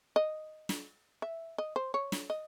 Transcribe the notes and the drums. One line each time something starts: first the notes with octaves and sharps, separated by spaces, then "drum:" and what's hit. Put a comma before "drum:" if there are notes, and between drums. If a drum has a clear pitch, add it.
D#5
drum: snare
E5
D#5
C5
C#5
drum: snare
D#5